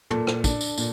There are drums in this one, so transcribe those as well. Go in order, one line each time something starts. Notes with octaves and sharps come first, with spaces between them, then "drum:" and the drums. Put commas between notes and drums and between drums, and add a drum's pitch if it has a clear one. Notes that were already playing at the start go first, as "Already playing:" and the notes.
A#2 A4, drum: tom
drum: rim click
D4, drum: kick, tambourine
drum: tambourine
A#2, drum: tambourine